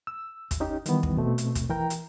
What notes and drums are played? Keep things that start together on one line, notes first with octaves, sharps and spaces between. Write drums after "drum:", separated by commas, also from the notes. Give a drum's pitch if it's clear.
E6
drum: kick, hi-hat
C#4 D#4 G4
D#3 E3 G3 B3, drum: hi-hat
drum: kick
B2 A3 C4
drum: hi-hat
drum: kick, hi-hat
E3 A#4 G5 A#5
drum: hi-hat